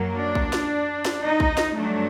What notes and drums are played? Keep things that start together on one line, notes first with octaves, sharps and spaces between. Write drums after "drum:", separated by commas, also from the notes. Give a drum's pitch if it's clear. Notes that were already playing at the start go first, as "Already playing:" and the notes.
Already playing: F#2 F#3 A#3
D4
drum: kick
drum: snare
drum: snare
D#4
drum: kick
drum: snare
G2 F#3 A3 D4